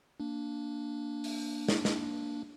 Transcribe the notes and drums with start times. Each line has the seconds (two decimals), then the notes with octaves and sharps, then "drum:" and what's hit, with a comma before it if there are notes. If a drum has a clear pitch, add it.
0.20 A#3 D4
1.24 drum: open hi-hat
1.68 drum: snare
1.85 drum: snare